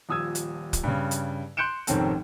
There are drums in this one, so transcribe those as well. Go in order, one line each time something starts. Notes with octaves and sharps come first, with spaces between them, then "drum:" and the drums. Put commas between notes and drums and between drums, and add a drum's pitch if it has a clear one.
D#1 F3 D#6 E6 G#6
drum: hi-hat
drum: kick, hi-hat
G2 C#3
drum: hi-hat
C6 F#6 G6 C#7 D7 E7
F1 G#2 D#3 C4 C#4 A4, drum: hi-hat